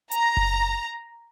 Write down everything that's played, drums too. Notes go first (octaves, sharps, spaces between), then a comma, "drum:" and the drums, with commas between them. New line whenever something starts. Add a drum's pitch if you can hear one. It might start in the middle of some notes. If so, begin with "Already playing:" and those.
A#5, drum: hi-hat
drum: kick F#1